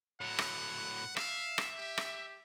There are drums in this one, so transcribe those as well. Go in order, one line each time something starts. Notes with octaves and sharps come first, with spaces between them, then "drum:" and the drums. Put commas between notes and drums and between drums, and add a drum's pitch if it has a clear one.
A2 F#3 F#5
drum: rim click
E5 F5, drum: rim click
drum: rim click
G4
drum: rim click